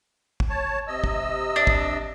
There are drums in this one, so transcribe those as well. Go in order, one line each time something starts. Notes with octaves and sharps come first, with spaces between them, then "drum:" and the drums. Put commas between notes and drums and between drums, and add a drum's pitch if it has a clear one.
drum: kick
C#5 A5
C3 D#5 E6
drum: kick
D4
drum: kick